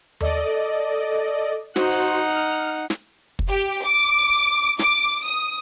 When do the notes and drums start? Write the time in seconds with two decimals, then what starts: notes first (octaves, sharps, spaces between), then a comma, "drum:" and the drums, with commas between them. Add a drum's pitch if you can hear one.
0.20 A4 D5 D#5, drum: tom D#2
1.76 D#4 F#4 C5 F#5, drum: snare
1.91 drum: open hi-hat
2.29 F6
2.90 drum: snare
3.39 drum: kick
3.49 G4
3.84 D6
4.79 D6, drum: snare
5.25 D#6